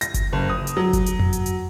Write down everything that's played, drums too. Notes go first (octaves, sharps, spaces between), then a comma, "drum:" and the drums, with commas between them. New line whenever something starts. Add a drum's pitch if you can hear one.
A#6, drum: hi-hat
drum: kick G1, hi-hat
F#1
D#6
drum: hi-hat
F#3
drum: kick G1, hi-hat
drum: hi-hat
drum: tom F2
drum: hi-hat
drum: hi-hat